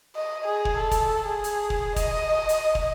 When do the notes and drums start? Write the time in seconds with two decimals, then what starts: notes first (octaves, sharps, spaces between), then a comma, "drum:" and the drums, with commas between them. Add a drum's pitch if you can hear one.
0.16 D#5
0.45 G#4
0.65 drum: kick
0.78 A4
0.91 drum: kick, hi-hat
1.26 G#4
1.44 drum: hi-hat
1.70 drum: kick
1.96 D#5, drum: kick, hi-hat
2.49 drum: hi-hat
2.75 drum: kick